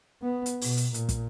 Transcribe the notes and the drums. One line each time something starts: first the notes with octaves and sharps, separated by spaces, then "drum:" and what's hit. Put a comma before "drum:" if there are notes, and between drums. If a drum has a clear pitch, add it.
B3
drum: hi-hat
B2, drum: open hi-hat
drum: hi-hat
A#2, drum: hi-hat
drum: kick, hi-hat